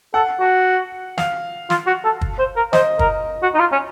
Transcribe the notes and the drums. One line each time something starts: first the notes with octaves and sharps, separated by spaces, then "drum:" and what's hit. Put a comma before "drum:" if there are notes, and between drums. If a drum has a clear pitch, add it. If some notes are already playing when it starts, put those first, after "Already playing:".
A4 F#5
F#4
F5, drum: snare
F4, drum: snare
F#4
A4
drum: kick
C5
A#4
C5 D#5, drum: snare
A#4, drum: kick
F#4
D#4
F4
C#4